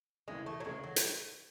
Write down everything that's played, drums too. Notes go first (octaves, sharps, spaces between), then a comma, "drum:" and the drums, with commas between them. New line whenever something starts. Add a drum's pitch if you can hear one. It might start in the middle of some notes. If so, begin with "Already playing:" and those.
D#2 C#3 E3 G#3 A3 E4
A3
F#3
D#2 C#3 E3 G#3 A3 E4
F#3
drum: hi-hat